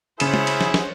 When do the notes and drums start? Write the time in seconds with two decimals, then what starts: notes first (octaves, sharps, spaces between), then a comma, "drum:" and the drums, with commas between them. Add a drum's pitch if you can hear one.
0.20 C#3 E4 G#4 C5 C#5 F#5 E7, drum: cymbal
0.34 drum: tom
0.47 drum: cymbal
0.61 drum: snare
0.74 drum: snare